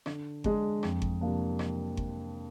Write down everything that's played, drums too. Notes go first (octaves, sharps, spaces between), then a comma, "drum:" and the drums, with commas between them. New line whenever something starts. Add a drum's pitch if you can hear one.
D3, drum: rim click
G#3 D4, drum: kick G1
F2, drum: rim click
drum: kick G1
C3 F3 A#3 D4
drum: rim click
drum: kick G1